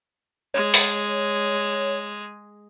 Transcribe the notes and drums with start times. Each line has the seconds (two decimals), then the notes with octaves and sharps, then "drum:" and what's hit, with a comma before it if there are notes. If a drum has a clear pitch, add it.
0.54 G#3 C#5
0.74 drum: open hi-hat